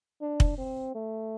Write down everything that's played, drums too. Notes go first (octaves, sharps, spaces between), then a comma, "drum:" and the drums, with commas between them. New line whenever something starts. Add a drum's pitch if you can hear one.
D4
drum: kick
C4
A3